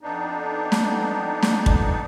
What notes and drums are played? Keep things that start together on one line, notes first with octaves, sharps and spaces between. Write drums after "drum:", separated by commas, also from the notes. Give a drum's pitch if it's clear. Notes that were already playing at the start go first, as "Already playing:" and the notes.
F2 B3 D4 D#4
drum: snare
drum: snare
drum: kick